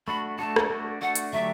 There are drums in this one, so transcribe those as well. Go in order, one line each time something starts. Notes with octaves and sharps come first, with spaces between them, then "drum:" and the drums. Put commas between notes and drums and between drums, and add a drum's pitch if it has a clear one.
A3 D4 F#4 B5
A3 D4 F#4 A5
drum: rim click
A3 D4 F#4
A3 D4 F#4 F#5
drum: hi-hat
D3 F#3 A3 D4 G4 E5